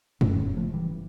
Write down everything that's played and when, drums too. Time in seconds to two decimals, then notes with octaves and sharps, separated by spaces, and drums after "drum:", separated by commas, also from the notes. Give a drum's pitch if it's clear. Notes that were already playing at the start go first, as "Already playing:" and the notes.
0.21 E1 E2 C#3 A3 C#4, drum: tom
0.57 F3 A3
0.74 E3 G3